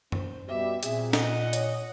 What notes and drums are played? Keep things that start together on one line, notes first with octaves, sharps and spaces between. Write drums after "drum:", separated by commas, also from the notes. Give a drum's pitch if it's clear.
C#4 C5, drum: tom F#2
B2 G3 G4 E5
A#2 C4 G#4 E5, drum: hi-hat
D#5 F#5, drum: snare
C#5, drum: hi-hat